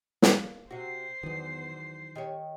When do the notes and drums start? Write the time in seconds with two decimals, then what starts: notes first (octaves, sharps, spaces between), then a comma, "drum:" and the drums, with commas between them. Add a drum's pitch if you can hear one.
0.22 A#3, drum: snare
0.71 C3 F#4 C5 C7
1.23 E2 D#3 E3 F#3 B3
1.70 E2
2.15 D#3 G4 C#5